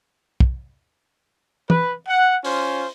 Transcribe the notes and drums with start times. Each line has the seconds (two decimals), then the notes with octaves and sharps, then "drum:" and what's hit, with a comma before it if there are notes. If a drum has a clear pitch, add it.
0.40 drum: kick
1.70 B4, drum: tom E3
2.08 F#5
2.45 C#4 F4 C5, drum: open hi-hat